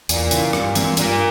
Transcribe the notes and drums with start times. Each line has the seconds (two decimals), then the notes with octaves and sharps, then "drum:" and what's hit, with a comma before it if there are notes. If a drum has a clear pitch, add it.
0.09 E2 A#2, drum: hi-hat
0.31 C#3 E3, drum: hi-hat
0.53 G2 A#2, drum: rim click
0.75 E3 G#3 C4, drum: hi-hat
0.97 G2 A#2, drum: hi-hat